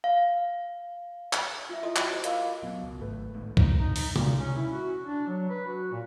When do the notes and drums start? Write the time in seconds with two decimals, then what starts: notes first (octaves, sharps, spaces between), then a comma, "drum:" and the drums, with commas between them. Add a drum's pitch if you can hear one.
0.04 F5
1.33 drum: clap
1.69 F4 E5
1.83 E4 A4 D#5 C6 D#6
1.96 F#4, drum: clap
2.11 F4 A4 C5 D#5
2.24 A#4 D#5 F5 B5 D6 E6, drum: hi-hat
2.40 G4
2.63 B2 F#3
2.83 C#2
2.99 G#1 G#2 A3 B4
3.34 A1 A2 G#3
3.57 D#4, drum: kick C2
3.79 D#4
3.96 D#4, drum: open hi-hat
4.16 A#2, drum: tom C3
4.38 C#4
4.56 E4
4.72 F#4
5.04 D4
5.28 F#3
5.50 B4
5.66 F#4
5.92 A#2